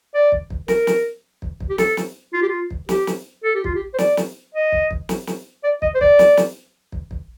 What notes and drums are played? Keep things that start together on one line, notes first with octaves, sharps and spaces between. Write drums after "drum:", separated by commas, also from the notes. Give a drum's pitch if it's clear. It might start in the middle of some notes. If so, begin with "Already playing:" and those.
D5
drum: kick
drum: kick
A#4, drum: snare
drum: snare
drum: kick
drum: kick
G4
A4, drum: snare
drum: snare
F4
G4
F4
drum: kick
G4, drum: snare
drum: snare
A4
G4
F4, drum: kick
G4
C5
D5, drum: snare
drum: snare
D#5
drum: kick
drum: kick
drum: snare
drum: snare
D5
D#5, drum: kick
C5
D5, drum: kick
drum: snare
drum: snare
drum: kick
drum: kick